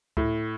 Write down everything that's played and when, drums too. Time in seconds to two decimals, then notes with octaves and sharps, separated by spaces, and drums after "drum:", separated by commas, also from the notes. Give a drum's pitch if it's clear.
0.17 A2, drum: kick C#2